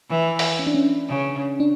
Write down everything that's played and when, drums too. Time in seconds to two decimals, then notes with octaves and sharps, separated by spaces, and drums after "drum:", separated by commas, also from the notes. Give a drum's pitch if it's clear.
0.10 E3
0.39 drum: open hi-hat
0.59 C#4
0.67 D4
0.75 C#4
1.09 C#3
1.60 D4